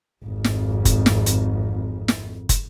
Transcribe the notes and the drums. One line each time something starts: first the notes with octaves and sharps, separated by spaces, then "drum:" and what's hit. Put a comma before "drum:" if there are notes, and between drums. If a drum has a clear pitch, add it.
G#1 F2
drum: snare
drum: kick, hi-hat
drum: snare
drum: hi-hat
drum: snare
drum: kick, hi-hat